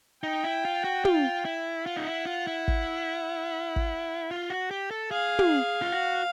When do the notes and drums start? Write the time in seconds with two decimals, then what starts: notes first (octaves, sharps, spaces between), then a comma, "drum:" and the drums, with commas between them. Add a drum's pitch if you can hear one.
0.23 D#4 G5
0.44 E4
0.65 F4
0.84 F#4
1.05 F4, drum: tom
1.45 E4
1.86 F4 F#5
1.97 D#4
2.06 E4
2.26 F4
2.47 E4
2.68 drum: kick
3.76 drum: kick
4.31 F4
4.50 F#4
4.71 G4
4.91 A4
5.11 G#4 F5
5.39 drum: tom
5.82 F4
5.92 F#4